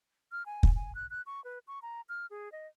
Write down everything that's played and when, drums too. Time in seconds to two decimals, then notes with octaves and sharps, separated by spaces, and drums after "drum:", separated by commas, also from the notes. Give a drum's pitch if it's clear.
0.32 F6
0.46 G#5
0.63 drum: kick
0.76 G#5
0.95 F#6
1.10 F#6
1.26 C#6
1.44 B4
1.67 C#6
1.82 A#5
2.09 F6
2.31 G#4
2.52 D#5